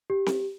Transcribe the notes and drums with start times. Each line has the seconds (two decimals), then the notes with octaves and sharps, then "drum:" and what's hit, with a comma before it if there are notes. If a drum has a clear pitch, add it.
0.10 G4
0.26 drum: snare C4